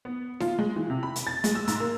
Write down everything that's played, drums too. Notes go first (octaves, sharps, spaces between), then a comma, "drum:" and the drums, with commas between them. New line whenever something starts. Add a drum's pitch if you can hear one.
B3
F4, drum: snare D#4
G#3
E3
C3
B5
drum: hi-hat
A6
G#3, drum: hi-hat
E6
G#2, drum: hi-hat
A#3